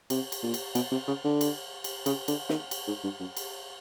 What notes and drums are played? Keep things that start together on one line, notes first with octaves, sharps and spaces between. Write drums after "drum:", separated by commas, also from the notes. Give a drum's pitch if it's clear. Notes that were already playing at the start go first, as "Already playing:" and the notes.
C3, drum: cymbal
drum: cymbal
A#2
drum: cymbal
B2, drum: cymbal
C3
C#3
D3
drum: cymbal
drum: cymbal
C#3, drum: cymbal
D3, drum: cymbal
D#3, drum: snare
drum: cymbal
G#2
G2
F#2
drum: cymbal